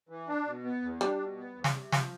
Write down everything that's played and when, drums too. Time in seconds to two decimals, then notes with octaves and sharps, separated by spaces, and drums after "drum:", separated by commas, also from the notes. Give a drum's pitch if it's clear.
0.09 E3
0.28 D4
0.46 B2
0.64 B3
0.82 E2
1.01 G3 D4
1.19 B2
1.37 B3
1.55 E2
1.64 drum: snare
1.74 C3
1.92 F3, drum: snare